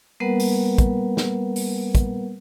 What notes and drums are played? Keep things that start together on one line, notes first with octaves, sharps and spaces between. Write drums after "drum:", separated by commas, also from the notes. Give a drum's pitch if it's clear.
G3 A#3 B3 A#4 B4 F#5
drum: open hi-hat
drum: kick, hi-hat
drum: snare
drum: open hi-hat
drum: kick, hi-hat